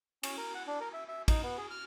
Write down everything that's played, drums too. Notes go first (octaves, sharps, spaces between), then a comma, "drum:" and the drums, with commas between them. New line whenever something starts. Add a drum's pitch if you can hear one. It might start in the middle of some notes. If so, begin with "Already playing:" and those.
C#4, drum: cymbal
A#4
F#5
D4
A#4
E5
E5
D#4, drum: kick, cymbal
B3
G#4
F6